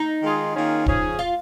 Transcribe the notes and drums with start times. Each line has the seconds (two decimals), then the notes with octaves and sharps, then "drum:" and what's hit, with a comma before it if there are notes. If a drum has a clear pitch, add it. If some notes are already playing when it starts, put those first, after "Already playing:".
Already playing: D#4
0.22 D#3 G#3 F4 G#4
0.55 D#3 A#3 C#4 F4 G#4
0.86 C#3 F3 C#4 G#4, drum: kick
1.19 F4